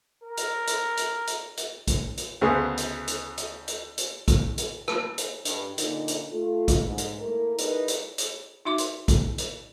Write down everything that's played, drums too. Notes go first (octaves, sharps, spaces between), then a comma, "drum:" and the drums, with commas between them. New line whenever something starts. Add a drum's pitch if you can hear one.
A#4
drum: hi-hat
drum: hi-hat
drum: hi-hat
drum: hi-hat
drum: hi-hat
drum: kick, hi-hat
drum: hi-hat
D2 C#3 B3 G#4 C5
drum: hi-hat
drum: hi-hat
drum: hi-hat
drum: hi-hat
drum: hi-hat
drum: kick, hi-hat
drum: hi-hat
drum: rim click
drum: hi-hat
G2, drum: hi-hat
A#2 D3 A#3 D#4, drum: hi-hat
drum: hi-hat
A3 F4 A4
drum: kick, hi-hat
G#2
drum: hi-hat
A3 A#3 E4 A#4
G3 D#4 E4 G#4 A#4 B4, drum: hi-hat
drum: hi-hat
drum: hi-hat
D#4 F#4 E5 C6 D6
drum: hi-hat
drum: kick, hi-hat
drum: hi-hat